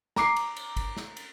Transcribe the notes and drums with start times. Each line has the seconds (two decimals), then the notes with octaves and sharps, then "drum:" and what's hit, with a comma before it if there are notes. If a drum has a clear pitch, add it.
0.16 A#5 D6 C7, drum: snare
0.36 drum: cymbal
0.56 drum: cymbal
0.76 drum: kick G#1, cymbal
0.97 drum: snare
1.17 drum: cymbal